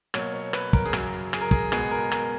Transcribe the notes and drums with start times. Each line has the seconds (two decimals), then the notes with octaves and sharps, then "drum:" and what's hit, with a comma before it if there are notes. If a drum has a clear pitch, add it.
0.14 B2 F#3 A#3 C#5, drum: rim click
0.34 C#5
0.53 B4, drum: rim click
0.73 A#4, drum: kick
0.86 G#4
0.93 F#2 C#3 F#3 A#4, drum: rim click
1.33 G#4, drum: rim click
1.41 A#4
1.51 G#4, drum: kick
1.72 B2 G#3 B3 G#4, drum: rim click
1.91 A#4
2.12 A#4, drum: rim click